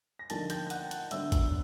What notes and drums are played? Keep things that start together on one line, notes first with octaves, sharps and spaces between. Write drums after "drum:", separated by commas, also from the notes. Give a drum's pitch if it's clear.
A#6
D3 F3 A#3 D#4 A5 A6, drum: hi-hat
G5 G6, drum: hi-hat
G6
F#5 F#6, drum: hi-hat
drum: hi-hat
D3 F#3 B3 D4 E5 E6, drum: hi-hat
drum: kick, hi-hat